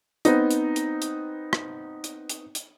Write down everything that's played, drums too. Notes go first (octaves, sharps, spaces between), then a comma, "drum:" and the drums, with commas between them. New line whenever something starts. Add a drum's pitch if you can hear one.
B3 C4 D#4, drum: hi-hat
drum: hi-hat
drum: hi-hat
drum: hi-hat
drum: rim click
drum: hi-hat
drum: hi-hat
drum: hi-hat